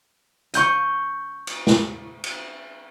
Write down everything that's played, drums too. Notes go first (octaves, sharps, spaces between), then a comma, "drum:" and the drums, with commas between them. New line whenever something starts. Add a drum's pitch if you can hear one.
C#6 G6 D#7, drum: hi-hat
drum: cymbal
drum: snare
drum: cymbal